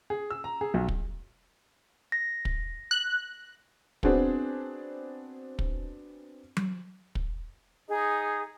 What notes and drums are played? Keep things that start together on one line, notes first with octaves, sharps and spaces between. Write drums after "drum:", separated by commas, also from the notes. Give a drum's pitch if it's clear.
G#4
E6
A#5
G#4
B1
drum: kick
A#6
drum: kick
F#6
B3 C4 D4 F#4 G#4 C5, drum: kick
drum: kick
drum: tom F#3
drum: kick
D#4 G#4